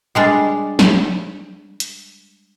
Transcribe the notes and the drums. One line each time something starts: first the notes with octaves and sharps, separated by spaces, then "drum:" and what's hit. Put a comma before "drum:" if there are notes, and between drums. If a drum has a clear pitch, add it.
G3 G#3 D4
drum: snare
drum: hi-hat